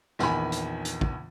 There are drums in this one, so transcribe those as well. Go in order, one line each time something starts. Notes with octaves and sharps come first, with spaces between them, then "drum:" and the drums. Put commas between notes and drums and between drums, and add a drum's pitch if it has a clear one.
A#1 E2 D#3 G#5 B5, drum: snare
drum: hi-hat
drum: hi-hat
drum: kick